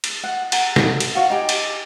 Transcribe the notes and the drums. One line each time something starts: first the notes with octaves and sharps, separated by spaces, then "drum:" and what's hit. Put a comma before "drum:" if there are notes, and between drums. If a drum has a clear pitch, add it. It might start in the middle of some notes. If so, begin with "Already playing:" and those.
drum: cymbal
F#5
A#4 F#5 G#5, drum: cymbal
drum: snare
drum: cymbal
F4 F#4 C#5 F5
D#4 G4 G#5
drum: cymbal